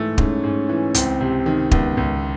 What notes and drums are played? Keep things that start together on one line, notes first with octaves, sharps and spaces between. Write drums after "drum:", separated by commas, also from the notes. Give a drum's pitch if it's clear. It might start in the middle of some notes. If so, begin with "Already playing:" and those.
Already playing: G#2 E3 A3
G#2 C#4, drum: kick
G#2
E3
C#2 C4, drum: hi-hat
C3
D#3
C#2 B3, drum: kick
C#2